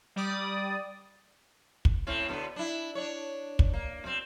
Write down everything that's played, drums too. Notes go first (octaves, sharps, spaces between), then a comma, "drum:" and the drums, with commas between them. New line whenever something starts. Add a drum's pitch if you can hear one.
G3 D5 D#6
drum: kick
A2 C4 C#4
B2 D3 B3
D4 E4
D4 C#5
drum: kick
A#3
B2 C4